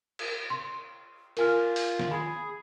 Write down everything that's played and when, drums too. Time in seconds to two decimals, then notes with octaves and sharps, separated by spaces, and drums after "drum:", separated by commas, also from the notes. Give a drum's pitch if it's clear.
0.19 drum: cymbal
0.50 C6
1.37 F4 A#4 G#5 F6, drum: cymbal
1.76 drum: open hi-hat
1.99 drum: snare
2.11 G#4 G#5 B5